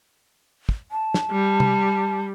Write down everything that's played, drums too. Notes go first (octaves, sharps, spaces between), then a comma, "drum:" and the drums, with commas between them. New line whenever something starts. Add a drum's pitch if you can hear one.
drum: kick
A5
drum: snare
G3
drum: tom C3